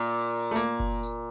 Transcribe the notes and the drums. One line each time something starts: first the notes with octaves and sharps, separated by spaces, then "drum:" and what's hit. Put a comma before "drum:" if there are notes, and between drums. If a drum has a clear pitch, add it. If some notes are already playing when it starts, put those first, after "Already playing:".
Already playing: A#2 A#3
A3
A#3, drum: tambourine
drum: kick F#1
drum: tambourine